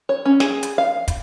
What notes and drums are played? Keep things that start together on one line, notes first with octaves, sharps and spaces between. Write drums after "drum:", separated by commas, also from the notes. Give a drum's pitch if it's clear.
C#5
C#4
G#4, drum: snare
drum: hi-hat
F5
drum: kick, hi-hat